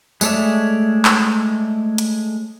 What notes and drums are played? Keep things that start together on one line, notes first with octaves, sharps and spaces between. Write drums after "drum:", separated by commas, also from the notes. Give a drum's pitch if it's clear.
G#3 A3 C#5 D5 E5, drum: tambourine
drum: clap
drum: hi-hat